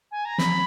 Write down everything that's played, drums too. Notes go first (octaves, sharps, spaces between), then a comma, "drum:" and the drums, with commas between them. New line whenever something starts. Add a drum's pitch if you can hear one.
G#5
A#5
B5, drum: snare